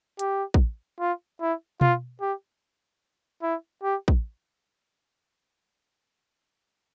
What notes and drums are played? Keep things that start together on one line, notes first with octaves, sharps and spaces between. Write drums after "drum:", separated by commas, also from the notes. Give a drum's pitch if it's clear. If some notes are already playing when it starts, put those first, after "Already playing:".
G4, drum: hi-hat
drum: kick
F4
E4
F4, drum: tom B2
G4
E4
G4
drum: kick